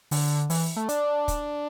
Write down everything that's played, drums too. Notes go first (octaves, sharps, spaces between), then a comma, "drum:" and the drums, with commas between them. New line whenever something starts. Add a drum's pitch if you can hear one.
D3, drum: open hi-hat
E3, drum: open hi-hat
A3
D4, drum: hi-hat
drum: kick, hi-hat